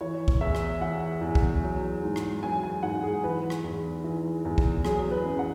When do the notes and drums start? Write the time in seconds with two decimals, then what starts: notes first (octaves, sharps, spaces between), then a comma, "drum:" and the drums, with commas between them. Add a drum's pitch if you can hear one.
0.01 E3 C#5
0.28 drum: kick
0.41 E2 E5
0.55 drum: rim click
0.81 E3 F#5
1.21 E2
1.35 drum: kick
1.63 F#3
2.03 G#2
2.16 drum: rim click
2.43 F#3 G#5
2.63 G#5
2.83 G#2 F#5
3.03 G#4
3.24 E3 B4
3.50 drum: rim click
3.64 E2
4.04 E3
4.45 E2
4.58 drum: kick
4.85 F#3 G#4, drum: rim click
5.11 B4
5.25 F#2
5.39 F#5